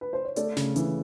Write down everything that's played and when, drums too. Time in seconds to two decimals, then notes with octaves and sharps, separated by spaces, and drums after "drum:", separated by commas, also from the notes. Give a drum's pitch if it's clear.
0.01 B4
0.13 C5
0.25 C#5
0.36 A3 D5, drum: hi-hat
0.57 C#3, drum: snare
0.76 E3, drum: hi-hat